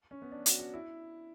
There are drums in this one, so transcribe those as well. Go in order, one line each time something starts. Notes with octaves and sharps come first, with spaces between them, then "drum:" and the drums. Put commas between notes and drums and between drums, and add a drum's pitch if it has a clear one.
C#4
B3
D4
F#4, drum: hi-hat
F#4
E4